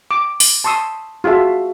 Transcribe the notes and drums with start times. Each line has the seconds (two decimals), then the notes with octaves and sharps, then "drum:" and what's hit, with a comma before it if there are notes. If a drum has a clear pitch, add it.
0.11 D6
0.40 drum: open hi-hat
0.64 A5 C6 C#6 D#6 E6
1.24 F4 F#4 G#4 E5 A5